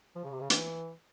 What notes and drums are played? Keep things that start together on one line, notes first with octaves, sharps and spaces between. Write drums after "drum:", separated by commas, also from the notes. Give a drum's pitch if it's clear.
F3
C#3
C3
C#3
E3, drum: hi-hat